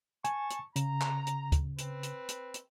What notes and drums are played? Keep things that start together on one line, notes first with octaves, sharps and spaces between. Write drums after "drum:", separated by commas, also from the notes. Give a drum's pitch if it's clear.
G#5 A5 C#6, drum: hi-hat
drum: hi-hat
C#3 A#5, drum: hi-hat
drum: clap
drum: hi-hat
drum: kick D2, hi-hat
C4 B4, drum: hi-hat
drum: hi-hat
drum: hi-hat
drum: hi-hat